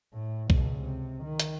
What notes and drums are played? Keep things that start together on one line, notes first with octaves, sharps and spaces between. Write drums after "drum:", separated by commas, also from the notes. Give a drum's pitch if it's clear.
A2
C#2 B2, drum: kick
C3
D#3
drum: hi-hat